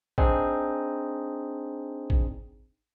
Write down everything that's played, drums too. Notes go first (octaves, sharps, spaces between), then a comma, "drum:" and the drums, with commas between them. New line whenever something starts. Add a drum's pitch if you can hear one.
C4 D4 D#4 G#4, drum: kick
drum: kick